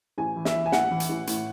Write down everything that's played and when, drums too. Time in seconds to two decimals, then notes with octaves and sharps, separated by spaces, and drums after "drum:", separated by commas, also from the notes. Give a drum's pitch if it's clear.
0.18 A1 G#5
0.36 E3
0.45 E5, drum: snare
0.54 E3
0.66 G#5
0.72 A1 F#5, drum: snare
0.91 E3
1.00 drum: hi-hat
1.09 A1
1.27 A2, drum: hi-hat